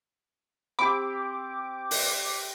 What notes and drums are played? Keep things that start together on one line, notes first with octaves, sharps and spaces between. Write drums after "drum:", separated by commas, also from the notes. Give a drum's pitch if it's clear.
C4 G4 B5 D6
drum: open hi-hat